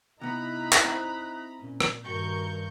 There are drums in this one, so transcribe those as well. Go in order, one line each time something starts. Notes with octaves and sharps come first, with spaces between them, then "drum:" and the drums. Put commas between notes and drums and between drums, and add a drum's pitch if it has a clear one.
C3 B3 D#4 E4 A#5 B5 F#6
drum: clap
C4 E5
A#2 C#4
drum: rim click
G2 D#3 F#4 A#4 C#6 G6